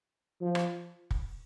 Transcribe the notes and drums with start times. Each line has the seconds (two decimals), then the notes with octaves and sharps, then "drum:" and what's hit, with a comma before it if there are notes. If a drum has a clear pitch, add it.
0.41 F3
0.55 drum: rim click
1.11 drum: kick